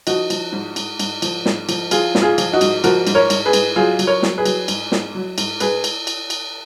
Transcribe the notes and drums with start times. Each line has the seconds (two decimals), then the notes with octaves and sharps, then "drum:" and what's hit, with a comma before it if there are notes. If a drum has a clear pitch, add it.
0.07 F3 D#4 F#4, drum: cymbal
0.30 F3, drum: cymbal
0.53 G#2
0.76 G#2, drum: cymbal
0.99 G#2, drum: cymbal
1.22 F3, drum: cymbal
1.46 G#2, drum: snare
1.69 F3, drum: cymbal
1.91 F3 F4 G#4, drum: cymbal
2.15 G#2, drum: snare
2.22 F4 G#4
2.38 F3, drum: cymbal
2.53 D#4 F#4
2.61 G#2, drum: cymbal
2.84 F3 F#4 A#4, drum: cymbal
3.07 G#2, drum: cymbal
3.15 A#4 C#5
3.30 G#2, drum: cymbal
3.46 G#4 B4
3.53 G#2, drum: cymbal
3.76 F#3 F4 G#4
3.99 F#3, drum: cymbal
4.07 A#4 C#5
4.22 F#3, drum: snare
4.38 G#4 B4
4.46 F#3, drum: cymbal
4.68 G#2, drum: cymbal
4.92 G#2, drum: snare
5.15 F#3
5.38 G#2, drum: cymbal
5.60 G#2 G#4 B4, drum: cymbal
5.84 drum: cymbal
6.07 drum: cymbal
6.30 drum: cymbal